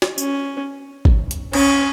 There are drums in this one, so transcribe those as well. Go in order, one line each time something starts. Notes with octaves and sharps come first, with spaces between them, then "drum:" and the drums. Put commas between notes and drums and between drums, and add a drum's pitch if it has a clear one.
drum: snare
C#4, drum: tambourine
drum: kick
drum: hi-hat
C#4, drum: cymbal